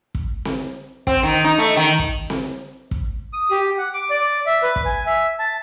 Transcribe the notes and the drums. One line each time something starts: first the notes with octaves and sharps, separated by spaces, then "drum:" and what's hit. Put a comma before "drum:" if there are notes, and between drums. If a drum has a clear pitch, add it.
drum: kick
drum: snare C4
C4, drum: kick
D#3
D#4
A3
D#3
drum: kick
drum: snare C4
drum: kick
D#6
G4
F#5
D6
D5
E5
B4
drum: kick
G#5
E5
A5